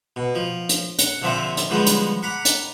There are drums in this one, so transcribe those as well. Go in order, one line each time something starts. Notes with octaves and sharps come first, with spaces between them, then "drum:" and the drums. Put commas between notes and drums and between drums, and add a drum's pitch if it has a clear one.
B2
F3
drum: hi-hat
F#5, drum: hi-hat
A#1 D3 F3 C4 E5 D6
drum: hi-hat
D3 F3 G3 G#3 B3
drum: hi-hat
F#5 A#5 B5 D6
drum: hi-hat